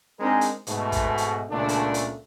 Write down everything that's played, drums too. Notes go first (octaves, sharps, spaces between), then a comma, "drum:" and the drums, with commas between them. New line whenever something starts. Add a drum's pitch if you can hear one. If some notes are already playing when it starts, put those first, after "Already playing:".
G#3 C4 D4 D#4 G#4 A#4
drum: hi-hat
G#2 B2 A3, drum: hi-hat
drum: kick, hi-hat
drum: hi-hat
C#2 A#2 C#3 A3 D4
drum: hi-hat
drum: hi-hat